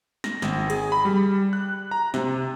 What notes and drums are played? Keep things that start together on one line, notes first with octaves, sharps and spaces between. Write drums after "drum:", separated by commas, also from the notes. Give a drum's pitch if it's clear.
A#6, drum: snare
G#1, drum: snare
G#4, drum: cymbal
B5
G3
F#6
A#5
C3, drum: snare